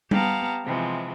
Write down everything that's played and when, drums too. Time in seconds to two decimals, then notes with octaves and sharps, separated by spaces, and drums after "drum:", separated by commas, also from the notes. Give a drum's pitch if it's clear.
0.11 B3 G4 F5 A5 A#5, drum: tom G3
0.65 C3 E3 F3 G#3